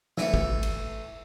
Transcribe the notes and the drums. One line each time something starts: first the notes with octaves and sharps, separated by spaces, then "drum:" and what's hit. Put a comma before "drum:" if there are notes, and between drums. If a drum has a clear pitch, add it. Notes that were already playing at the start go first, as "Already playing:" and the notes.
E3 A3, drum: snare
drum: kick
drum: cymbal